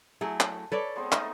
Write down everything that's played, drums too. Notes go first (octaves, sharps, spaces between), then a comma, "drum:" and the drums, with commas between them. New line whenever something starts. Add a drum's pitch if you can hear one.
F#3 A3 E4 G#4
drum: clap
A4 B4 C#5 D5
G#3 B3 C4
A3 D#4 D#5, drum: clap